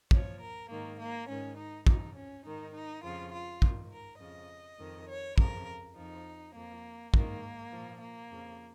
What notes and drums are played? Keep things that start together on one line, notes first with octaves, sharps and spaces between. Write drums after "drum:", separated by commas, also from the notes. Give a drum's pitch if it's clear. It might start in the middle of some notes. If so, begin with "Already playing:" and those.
A#2 F3 C#5, drum: kick
A#4
G#2 D#3 A#3
A#3
G#2 D#3 C#4
D#4
F2 F3 D#4, drum: kick
C#4
G#2 D#3 D#4
D#4
F2 C#3 F3 F4
F4
G#2 D#3, drum: kick
A#4
F2 C#3 F3 D#5
F2 D#3
C#5
F2 C#3 F3 A#4, drum: kick
F2 F3 D#4
F2 F3 A#3
G#2 D#3 A#3, drum: kick
A#2 F3
A#3
F2 C#3 F3